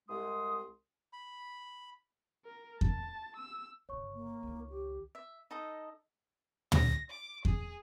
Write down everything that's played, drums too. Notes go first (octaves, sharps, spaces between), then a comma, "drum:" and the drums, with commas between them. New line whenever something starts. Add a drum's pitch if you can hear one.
C2 G#3 C6 D#6
B5
A#4
A5, drum: kick E2
E6
G1 C#3 C#5 C#6
A#3
C#2 D#3
G4
E5
D#4 A4 D#5
A#6, drum: tom
D6
G#4, drum: kick E2